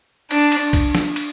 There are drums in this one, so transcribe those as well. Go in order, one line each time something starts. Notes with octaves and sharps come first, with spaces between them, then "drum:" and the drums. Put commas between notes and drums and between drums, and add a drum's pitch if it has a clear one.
D4, drum: cymbal
drum: cymbal
drum: kick C2, cymbal
drum: snare
drum: cymbal